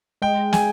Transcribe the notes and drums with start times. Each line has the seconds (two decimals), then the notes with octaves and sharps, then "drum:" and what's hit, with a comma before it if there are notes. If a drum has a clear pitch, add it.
0.22 G#3 G5
0.53 G#5, drum: snare